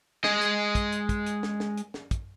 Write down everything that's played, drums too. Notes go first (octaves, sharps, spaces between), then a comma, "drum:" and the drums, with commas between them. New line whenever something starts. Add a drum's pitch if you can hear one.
G#3 D#5, drum: snare
drum: hi-hat
drum: kick, hi-hat
drum: hi-hat
drum: kick, hi-hat
drum: hi-hat
drum: snare
drum: snare
drum: hi-hat
drum: snare
drum: kick, hi-hat